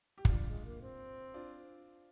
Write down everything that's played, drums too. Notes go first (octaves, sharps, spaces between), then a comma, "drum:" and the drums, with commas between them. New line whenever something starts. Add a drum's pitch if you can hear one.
G4
F3, drum: kick
G3 D4 F4
G#3
A#3
C4
D4 F4